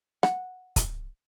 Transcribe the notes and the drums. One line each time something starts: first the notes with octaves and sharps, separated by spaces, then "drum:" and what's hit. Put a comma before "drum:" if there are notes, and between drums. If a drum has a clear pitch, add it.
F#5, drum: rim click
drum: kick, hi-hat